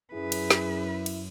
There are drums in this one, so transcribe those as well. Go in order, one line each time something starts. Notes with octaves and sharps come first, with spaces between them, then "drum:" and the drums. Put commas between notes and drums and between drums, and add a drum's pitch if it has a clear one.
F#2 E4 G#4 B4
drum: cymbal
drum: snare
drum: cymbal